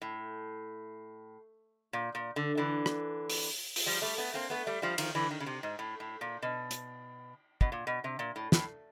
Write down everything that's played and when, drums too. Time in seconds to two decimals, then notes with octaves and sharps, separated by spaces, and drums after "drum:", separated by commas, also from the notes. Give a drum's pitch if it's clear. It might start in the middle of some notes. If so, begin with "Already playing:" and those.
0.02 A2
1.93 A#2
2.15 A#2
2.36 D3
2.57 D3 E3
2.86 drum: rim click
3.30 drum: open hi-hat
3.76 drum: open hi-hat
3.86 F3 G3
4.02 G3 A3
4.18 A3 B3
4.34 A#3 C4
4.50 A3 B3
4.67 G3 A3
4.82 F3 G3
4.98 D#3 F3, drum: cymbal
5.15 D3 E3
5.31 D#3
5.40 C#3
5.46 C3
5.63 G#2
5.79 A2
6.00 A2
6.21 A#2
6.42 B2
6.71 drum: hi-hat
7.61 B2, drum: kick
7.72 A#2
7.87 B2
8.04 C3
8.19 A#2
8.36 A2
8.52 A2, drum: snare